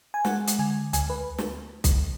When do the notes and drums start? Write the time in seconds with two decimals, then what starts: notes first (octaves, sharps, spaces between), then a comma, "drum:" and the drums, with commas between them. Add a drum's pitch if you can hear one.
0.14 G#5
0.25 G#3 F#5, drum: snare
0.47 drum: hi-hat
0.59 D3 G#5
0.93 D2 G#5, drum: hi-hat
1.10 B4
1.38 drum: snare
1.84 drum: kick, hi-hat